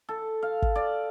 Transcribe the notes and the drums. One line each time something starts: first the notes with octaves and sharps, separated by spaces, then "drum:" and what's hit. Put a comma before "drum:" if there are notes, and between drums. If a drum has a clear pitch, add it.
A4
F5
drum: kick
D5